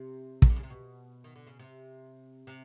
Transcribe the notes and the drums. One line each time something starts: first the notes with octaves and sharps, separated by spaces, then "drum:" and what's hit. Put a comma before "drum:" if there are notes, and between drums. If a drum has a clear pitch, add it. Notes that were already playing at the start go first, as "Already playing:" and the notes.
Already playing: C3
D#3, drum: kick
D3
C#3
C3
B2
D#3
D3
C#3
C3
C3